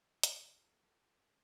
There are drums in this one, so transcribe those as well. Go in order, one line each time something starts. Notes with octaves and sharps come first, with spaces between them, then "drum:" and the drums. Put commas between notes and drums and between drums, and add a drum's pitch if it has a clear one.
C3 G#3 A#3 F4 G4 A4, drum: hi-hat